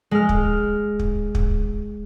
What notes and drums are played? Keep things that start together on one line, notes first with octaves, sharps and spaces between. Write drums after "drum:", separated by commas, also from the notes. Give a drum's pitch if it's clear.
G#3 F6
drum: kick
drum: kick
drum: kick